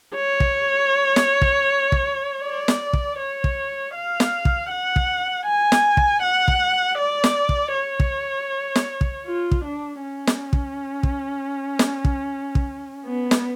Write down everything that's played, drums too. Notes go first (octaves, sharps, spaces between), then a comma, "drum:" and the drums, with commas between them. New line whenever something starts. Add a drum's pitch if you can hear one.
C#5
drum: kick
drum: snare
drum: kick
drum: kick
D5
drum: snare
drum: kick
C#5
drum: kick
F5
drum: snare
drum: kick
F#5
drum: kick
G#5
drum: snare
drum: kick
F#5
drum: kick
D5
drum: snare
drum: kick
C#5
drum: kick
drum: snare
drum: kick
F4
drum: kick
D4
C#4
drum: snare
drum: kick
drum: kick
drum: snare
drum: kick
drum: kick
B3
drum: snare